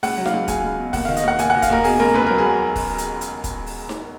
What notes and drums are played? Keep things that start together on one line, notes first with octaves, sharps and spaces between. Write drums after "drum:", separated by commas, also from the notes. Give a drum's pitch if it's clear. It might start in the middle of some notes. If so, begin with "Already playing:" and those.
C#2 F#5, drum: open hi-hat
F#3
F5, drum: snare D#4
C#2
C#2 G#5, drum: kick, hi-hat
C#2
B2
D#2 F#5, drum: kick, open hi-hat
D#3 F5
D#5, drum: hi-hat
D#2 F#5
D#2 G#5, drum: hi-hat
D#2 F#5
F5, drum: kick, hi-hat
D#2 A#4
B2 G#4, drum: open hi-hat
C#2 A#4
C#2 B4
F#3 A#4
G#4
F#3
drum: kick, open hi-hat
drum: hi-hat
drum: hi-hat
drum: kick, hi-hat
drum: open hi-hat
drum: snare D#4